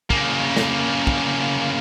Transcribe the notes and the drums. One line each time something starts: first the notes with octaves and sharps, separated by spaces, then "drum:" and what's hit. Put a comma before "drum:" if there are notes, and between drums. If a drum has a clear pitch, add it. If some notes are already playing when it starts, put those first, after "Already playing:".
C#3 A#3, drum: kick
drum: snare
drum: kick